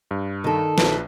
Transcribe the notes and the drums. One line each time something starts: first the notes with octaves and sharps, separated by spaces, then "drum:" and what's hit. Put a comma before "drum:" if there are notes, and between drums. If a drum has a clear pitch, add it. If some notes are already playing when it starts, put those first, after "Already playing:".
G2
D#3 A4
A#1 B4, drum: snare